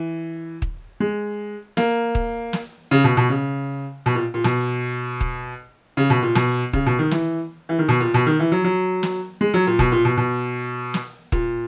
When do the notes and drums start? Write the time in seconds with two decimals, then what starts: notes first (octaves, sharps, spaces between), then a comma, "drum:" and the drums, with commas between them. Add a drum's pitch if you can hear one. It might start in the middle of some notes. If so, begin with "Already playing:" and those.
Already playing: E3
0.62 drum: kick
1.00 G#3
1.77 A#3, drum: snare
2.15 drum: kick
2.53 drum: snare
2.91 C#3
3.04 B2
3.17 B2
3.29 C#3
4.06 B2
4.15 A#2
4.34 A#2
4.44 B2, drum: snare
5.21 drum: kick
5.97 C#3
6.10 B2
6.23 A#2
6.35 B2, drum: snare
6.73 C#3, drum: kick
6.86 B2
6.99 D#3
7.11 E3, drum: snare
7.69 E3
7.79 D#3
7.88 B2
8.00 A#2
8.14 B2
8.27 D#3
8.40 E3
8.52 F#3
8.64 F#3
9.03 drum: snare
9.41 G#3
9.54 F#3
9.67 A#2
9.79 B2, drum: kick
9.92 A#2
10.05 B2
10.17 B2
10.94 drum: snare
11.32 A#2, drum: kick